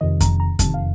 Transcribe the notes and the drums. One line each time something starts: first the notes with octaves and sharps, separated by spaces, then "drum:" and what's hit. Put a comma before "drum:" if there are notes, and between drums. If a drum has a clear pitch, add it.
F2 C3 D#3 D#5
A#5, drum: kick F2, hi-hat
A#5
F2 C3 D#3 A5, drum: kick F2, hi-hat
F5